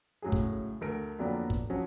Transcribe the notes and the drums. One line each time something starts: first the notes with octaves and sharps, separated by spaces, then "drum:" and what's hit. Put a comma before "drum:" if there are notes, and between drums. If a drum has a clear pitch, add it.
A2 C#3 F#3 G#3 G#4
drum: kick
D2 A4 A#4 A#6 D7
F2 D3 F#3 A#3 B3 D5
drum: kick
F3 F#3 C4 C#4